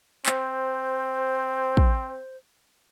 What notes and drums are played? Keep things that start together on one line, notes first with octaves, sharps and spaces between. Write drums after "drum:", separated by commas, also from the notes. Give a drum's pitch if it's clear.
C4 C5, drum: clap
drum: kick